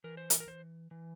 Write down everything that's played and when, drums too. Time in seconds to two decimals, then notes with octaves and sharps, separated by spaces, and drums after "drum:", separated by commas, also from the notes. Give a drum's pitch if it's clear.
0.04 E3 A#4
0.17 C5
0.30 A#4, drum: hi-hat
0.40 A#4
0.47 E3 C5
0.91 E3